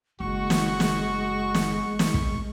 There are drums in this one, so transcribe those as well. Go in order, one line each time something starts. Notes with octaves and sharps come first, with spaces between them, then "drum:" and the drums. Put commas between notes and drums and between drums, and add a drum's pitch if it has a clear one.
F#1 G#3 F#4 C#6
drum: snare
drum: snare
drum: snare
drum: snare
drum: kick